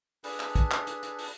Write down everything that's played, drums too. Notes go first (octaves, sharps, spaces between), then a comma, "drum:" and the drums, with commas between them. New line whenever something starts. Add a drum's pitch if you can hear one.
D4 G#4 A4 B4, drum: open hi-hat
drum: clap
drum: kick, hi-hat
drum: clap
drum: hi-hat
drum: hi-hat
drum: open hi-hat